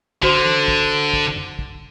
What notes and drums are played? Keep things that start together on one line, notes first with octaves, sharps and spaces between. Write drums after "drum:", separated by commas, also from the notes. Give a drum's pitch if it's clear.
D3 F#4 C5 C6, drum: kick
drum: tom
drum: kick
drum: kick
drum: tom F2
drum: kick